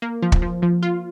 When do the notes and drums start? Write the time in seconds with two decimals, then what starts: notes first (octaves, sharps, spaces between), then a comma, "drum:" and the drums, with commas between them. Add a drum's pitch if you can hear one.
0.02 A#3
0.22 F3
0.32 drum: kick
0.42 F3
0.62 F3
0.82 F4